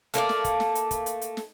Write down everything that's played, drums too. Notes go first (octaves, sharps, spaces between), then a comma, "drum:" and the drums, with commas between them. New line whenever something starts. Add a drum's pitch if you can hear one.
A3 A#3 C#5 D5, drum: hi-hat
drum: snare
drum: kick, hi-hat
drum: snare
drum: hi-hat
drum: kick, hi-hat
drum: hi-hat
drum: hi-hat
drum: snare